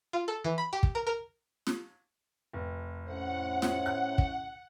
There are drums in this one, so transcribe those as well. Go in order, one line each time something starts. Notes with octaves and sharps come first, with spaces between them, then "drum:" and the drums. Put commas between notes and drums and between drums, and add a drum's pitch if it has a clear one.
F4
A4
E3
B5
G4
drum: kick
A#4
A#4
drum: snare
F1
A2 C#4 C5 F#5
drum: snare
F#6
drum: kick